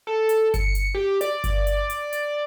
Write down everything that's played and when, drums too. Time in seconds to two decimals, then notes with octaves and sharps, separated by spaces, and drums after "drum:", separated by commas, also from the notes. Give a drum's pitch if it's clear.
0.07 A4
0.29 drum: hi-hat
0.54 C#7, drum: kick G1, hi-hat
0.75 drum: hi-hat
0.95 G4
1.21 D5, drum: hi-hat
1.44 drum: kick G1, hi-hat
1.67 drum: hi-hat
1.90 drum: hi-hat
2.13 drum: hi-hat